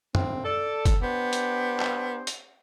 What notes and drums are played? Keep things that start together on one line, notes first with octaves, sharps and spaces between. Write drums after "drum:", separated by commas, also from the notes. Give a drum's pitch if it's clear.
C4, drum: tom
A4 D5
drum: kick, hi-hat
B3 D4 G4 C5
drum: hi-hat
drum: clap
drum: hi-hat